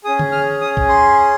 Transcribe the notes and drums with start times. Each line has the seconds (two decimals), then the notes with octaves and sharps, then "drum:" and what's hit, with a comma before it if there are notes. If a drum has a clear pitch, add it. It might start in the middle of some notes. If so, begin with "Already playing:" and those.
0.04 C#4 G#4 D#6
0.19 drum: tom
0.32 F6
0.61 D#6
0.77 drum: kick A#1
0.89 C6